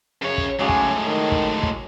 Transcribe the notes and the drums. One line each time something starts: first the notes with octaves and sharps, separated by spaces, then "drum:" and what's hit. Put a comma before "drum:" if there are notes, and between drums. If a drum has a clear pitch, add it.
F#2 C#3 C#5
drum: kick
A2 C#3 F#3 G#3 G#5 D6
drum: kick
D#3
drum: kick
drum: kick